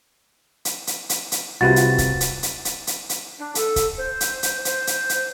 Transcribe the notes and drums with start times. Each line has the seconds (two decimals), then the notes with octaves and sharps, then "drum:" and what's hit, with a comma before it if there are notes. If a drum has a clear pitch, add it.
0.65 drum: hi-hat
0.87 drum: hi-hat
1.09 drum: hi-hat
1.32 drum: hi-hat
1.61 C2 C3 F4 F#4 B4 A6
1.76 drum: hi-hat
1.98 drum: kick C#1, hi-hat
2.21 drum: hi-hat
2.43 drum: hi-hat
2.65 drum: hi-hat
2.87 drum: hi-hat
3.09 drum: hi-hat
3.39 D4
3.55 A4, drum: hi-hat
3.76 drum: kick C#1, hi-hat
3.97 C5
4.21 drum: hi-hat
4.43 drum: hi-hat
4.65 C5, drum: hi-hat
4.87 drum: hi-hat
5.09 drum: hi-hat